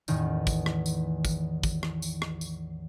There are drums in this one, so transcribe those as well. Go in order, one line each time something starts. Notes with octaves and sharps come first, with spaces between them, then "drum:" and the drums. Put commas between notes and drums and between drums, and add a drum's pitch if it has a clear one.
A1 E2 A2 D#3 A3, drum: tambourine
drum: kick, tambourine
drum: rim click
drum: tambourine
drum: kick, tambourine
drum: kick, tambourine
drum: rim click
drum: tambourine
drum: rim click
drum: tambourine